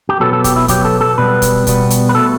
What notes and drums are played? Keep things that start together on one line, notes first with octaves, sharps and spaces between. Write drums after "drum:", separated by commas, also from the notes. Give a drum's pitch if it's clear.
G4
B2 F#3 B3 A4
A4
G4, drum: kick, hi-hat
E4
B2 F#3 B3 G4, drum: kick, hi-hat
A4
A4
B2 G3 B3 B4
drum: kick, hi-hat
B2 G3 B3, drum: kick, hi-hat
drum: hi-hat
B4
B2 A3 A4